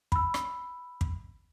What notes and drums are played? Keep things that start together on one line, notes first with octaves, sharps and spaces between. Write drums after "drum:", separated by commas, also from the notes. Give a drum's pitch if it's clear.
B5 E6, drum: kick
drum: rim click
drum: kick